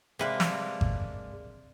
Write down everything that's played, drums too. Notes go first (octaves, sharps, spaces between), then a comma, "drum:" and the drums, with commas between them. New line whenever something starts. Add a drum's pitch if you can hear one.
C3 G#3 A#3 D4 B4
drum: snare
drum: kick G#1